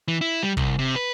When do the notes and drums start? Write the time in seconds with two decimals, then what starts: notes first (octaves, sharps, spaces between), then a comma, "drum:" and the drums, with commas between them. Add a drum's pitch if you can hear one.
0.08 E3
0.21 E4
0.43 G3
0.57 C2, drum: kick
0.79 C3
0.96 B4